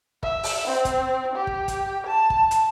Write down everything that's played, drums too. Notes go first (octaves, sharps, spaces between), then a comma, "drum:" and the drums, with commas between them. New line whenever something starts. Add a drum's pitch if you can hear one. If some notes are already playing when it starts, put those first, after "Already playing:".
E5, drum: kick
drum: open hi-hat
C4
drum: kick, hi-hat
G4
drum: kick
drum: kick, hi-hat
A5
drum: kick
drum: hi-hat